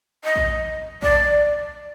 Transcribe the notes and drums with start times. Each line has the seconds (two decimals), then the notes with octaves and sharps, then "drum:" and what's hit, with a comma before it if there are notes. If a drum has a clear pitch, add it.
0.24 D#5
0.36 drum: kick A#1
1.02 D5, drum: kick A#1